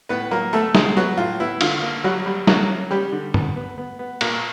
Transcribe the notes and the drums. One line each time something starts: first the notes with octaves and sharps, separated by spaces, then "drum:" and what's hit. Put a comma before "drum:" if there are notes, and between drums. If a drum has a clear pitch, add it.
A2 B3 B4
F#3 A#3 A#4
A3 B3 A4
F#3 G#3 G#4, drum: snare
F#3 B3 F#4
A2 F4
B3 E4
D3 F4, drum: cymbal
A#3
F#3 G3 F#4
G3
F#3 A#3 F#4, drum: snare
C#4
G3 C#4 G4
D3
B3, drum: tom
B3
B3
B3
A#2 A#3 A#4, drum: cymbal